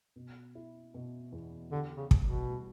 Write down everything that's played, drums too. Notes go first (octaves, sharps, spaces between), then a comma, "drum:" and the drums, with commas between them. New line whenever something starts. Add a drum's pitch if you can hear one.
B2
E4
B2
E2
D3 G4
C#3
G3, drum: kick
B2
G3